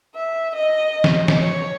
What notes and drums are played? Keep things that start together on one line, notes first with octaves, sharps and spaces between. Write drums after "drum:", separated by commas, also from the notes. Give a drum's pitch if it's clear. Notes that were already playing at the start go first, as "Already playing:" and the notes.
E5
D#5
drum: snare
drum: snare
C#5